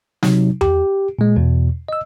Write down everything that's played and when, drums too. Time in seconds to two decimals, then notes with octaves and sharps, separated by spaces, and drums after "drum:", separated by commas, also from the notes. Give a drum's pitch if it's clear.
0.23 C3 F#3 D#4, drum: snare
0.61 G4, drum: tom E2
1.19 A#2 G#3
1.36 E2 B2
1.89 D#5 E6